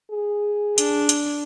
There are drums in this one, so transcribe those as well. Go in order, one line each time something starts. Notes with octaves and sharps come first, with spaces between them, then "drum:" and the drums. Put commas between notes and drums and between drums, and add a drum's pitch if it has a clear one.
G#4
D4, drum: hi-hat
drum: hi-hat